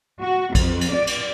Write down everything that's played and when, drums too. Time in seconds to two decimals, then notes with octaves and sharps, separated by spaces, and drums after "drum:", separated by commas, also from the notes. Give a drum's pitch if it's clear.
0.22 F#4
0.55 F2, drum: kick, cymbal
0.81 drum: cymbal
0.93 D5
1.07 drum: cymbal